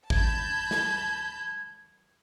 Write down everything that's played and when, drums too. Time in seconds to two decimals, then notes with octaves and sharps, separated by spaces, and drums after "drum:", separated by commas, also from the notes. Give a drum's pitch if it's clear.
0.10 A5 B5 G6 G#6, drum: kick G#1
0.71 drum: snare